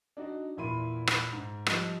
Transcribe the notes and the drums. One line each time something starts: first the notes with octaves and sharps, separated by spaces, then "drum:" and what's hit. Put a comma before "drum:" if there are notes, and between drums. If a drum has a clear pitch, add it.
D4 D#4 F#4
E2 A#2 E4 B5 C6 D#7
drum: rim click
G#2
F3 G3 D#5, drum: rim click